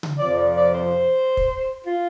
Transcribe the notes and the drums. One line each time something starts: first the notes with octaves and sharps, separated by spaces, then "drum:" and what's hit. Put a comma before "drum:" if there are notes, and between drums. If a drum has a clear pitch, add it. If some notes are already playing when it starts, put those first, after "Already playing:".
drum: tom C#3
F2 C3 F3 D5
D5
D5
C5
drum: kick
F4